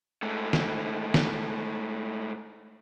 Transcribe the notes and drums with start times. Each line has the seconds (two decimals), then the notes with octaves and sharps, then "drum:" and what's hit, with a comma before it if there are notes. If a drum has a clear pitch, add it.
0.23 G#2 A3
0.53 drum: snare
1.14 drum: snare